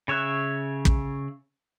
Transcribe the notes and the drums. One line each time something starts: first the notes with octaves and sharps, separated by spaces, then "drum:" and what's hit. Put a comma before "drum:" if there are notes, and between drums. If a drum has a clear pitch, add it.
C#3 C#5 E5 F#6
drum: kick